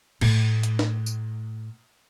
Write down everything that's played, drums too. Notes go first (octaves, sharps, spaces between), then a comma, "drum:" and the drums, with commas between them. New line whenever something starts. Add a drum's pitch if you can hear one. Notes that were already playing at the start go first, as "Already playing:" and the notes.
A2 A3, drum: cymbal
drum: hi-hat
drum: snare
drum: tambourine